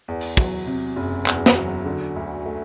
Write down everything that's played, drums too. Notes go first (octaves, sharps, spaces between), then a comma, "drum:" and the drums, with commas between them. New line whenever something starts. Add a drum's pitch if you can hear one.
E2
drum: open hi-hat
F#3, drum: kick
C3
F#1
E2, drum: clap
drum: snare
F#3
D3
D2
A3